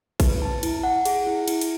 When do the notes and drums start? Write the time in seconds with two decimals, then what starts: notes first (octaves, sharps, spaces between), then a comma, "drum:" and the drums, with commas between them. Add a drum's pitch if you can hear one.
0.20 B4, drum: kick A1, cymbal
0.42 A5
0.63 E4, drum: cymbal
0.83 F#5
1.05 G#4, drum: cymbal
1.27 E4
1.48 E4, drum: cymbal
1.61 drum: cymbal